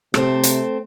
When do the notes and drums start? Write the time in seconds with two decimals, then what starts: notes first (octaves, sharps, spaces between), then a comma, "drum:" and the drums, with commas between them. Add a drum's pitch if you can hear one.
0.14 C3 A3 C4, drum: rim click
0.43 drum: hi-hat